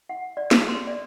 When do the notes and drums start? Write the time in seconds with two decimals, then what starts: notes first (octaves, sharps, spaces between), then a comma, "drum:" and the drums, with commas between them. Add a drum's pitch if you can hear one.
0.09 F#5
0.37 D5
0.51 D6, drum: snare
0.69 C6
0.87 D5